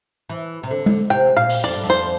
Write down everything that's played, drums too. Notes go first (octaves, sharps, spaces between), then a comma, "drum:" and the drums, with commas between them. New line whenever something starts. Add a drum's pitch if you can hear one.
E3
C3
D3
drum: tom G#3
C3 G5
A#2 F5
drum: open hi-hat
F2 D5
G2
F2
C5